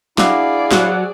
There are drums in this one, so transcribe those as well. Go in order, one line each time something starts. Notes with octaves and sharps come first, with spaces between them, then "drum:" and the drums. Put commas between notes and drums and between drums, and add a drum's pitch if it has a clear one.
D4 E4 F#4 G#4 D5 F5, drum: snare
F#3, drum: snare